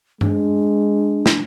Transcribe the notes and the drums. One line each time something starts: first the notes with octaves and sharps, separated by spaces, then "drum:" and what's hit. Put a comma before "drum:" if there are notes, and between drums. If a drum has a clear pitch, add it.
G#3 D4, drum: tom G2
drum: snare